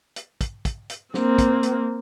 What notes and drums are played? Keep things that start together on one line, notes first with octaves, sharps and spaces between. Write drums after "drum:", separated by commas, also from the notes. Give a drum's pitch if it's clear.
drum: hi-hat
drum: kick, hi-hat
drum: kick, hi-hat
drum: hi-hat
A#3 C4, drum: snare
drum: kick, hi-hat
drum: hi-hat